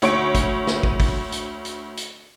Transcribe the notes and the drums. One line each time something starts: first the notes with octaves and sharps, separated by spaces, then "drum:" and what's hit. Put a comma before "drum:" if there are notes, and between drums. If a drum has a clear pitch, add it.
D2 C#5 C#6 D7, drum: hi-hat
drum: kick, hi-hat
drum: snare
drum: kick
drum: kick, open hi-hat
drum: hi-hat
drum: hi-hat
drum: hi-hat